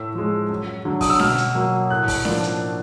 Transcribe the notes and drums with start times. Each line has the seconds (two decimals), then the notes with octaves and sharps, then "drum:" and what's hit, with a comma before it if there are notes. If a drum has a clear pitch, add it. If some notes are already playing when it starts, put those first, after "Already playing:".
Already playing: A2 E6
0.15 F3 G#3
0.50 F#2
0.85 D3 F#3
1.01 D#6, drum: kick, open hi-hat
1.10 E6
1.20 B2 F6, drum: snare C#4
1.38 drum: hi-hat
1.55 F#3 A#3
1.90 A2 F#6
2.08 drum: kick, open hi-hat
2.25 F3 A#3 D4, drum: snare C#4
2.43 drum: hi-hat